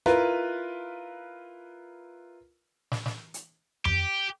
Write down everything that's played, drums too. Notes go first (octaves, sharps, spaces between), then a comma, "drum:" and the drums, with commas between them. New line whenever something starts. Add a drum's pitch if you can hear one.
E4 F4 A#4 B4, drum: rim click
drum: snare
drum: snare
drum: hi-hat
G4, drum: tom F2